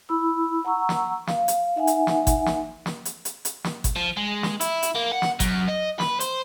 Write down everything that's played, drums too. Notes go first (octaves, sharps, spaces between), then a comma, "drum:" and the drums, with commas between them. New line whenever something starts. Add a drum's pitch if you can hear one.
E4 B5 E6
F#5 A#5 C#6 E6
drum: snare
F5, drum: snare
drum: hi-hat
D#4 E5 F#5 G#5
drum: hi-hat
drum: snare
drum: kick G1, hi-hat
drum: snare
drum: snare
drum: hi-hat
drum: hi-hat
drum: hi-hat
drum: snare
drum: kick G1, hi-hat
F3
G#3
drum: snare
E4, drum: hi-hat
drum: hi-hat
A#3
F#5
drum: snare
F#2, drum: kick G1, hi-hat
D#5
B4, drum: snare
C5, drum: hi-hat